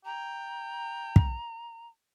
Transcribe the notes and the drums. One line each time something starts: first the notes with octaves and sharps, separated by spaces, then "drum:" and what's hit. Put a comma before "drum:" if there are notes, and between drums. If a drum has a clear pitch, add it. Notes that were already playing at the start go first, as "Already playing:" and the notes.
G5 A#5
drum: kick